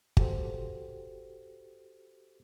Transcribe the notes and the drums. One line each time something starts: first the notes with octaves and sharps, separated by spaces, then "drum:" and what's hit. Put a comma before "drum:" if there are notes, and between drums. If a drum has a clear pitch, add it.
F#4 G4 A4 C5, drum: kick G1